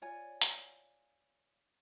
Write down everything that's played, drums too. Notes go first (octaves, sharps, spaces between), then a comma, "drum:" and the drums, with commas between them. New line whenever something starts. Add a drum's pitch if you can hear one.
F4 C#5 D5 G#5
drum: hi-hat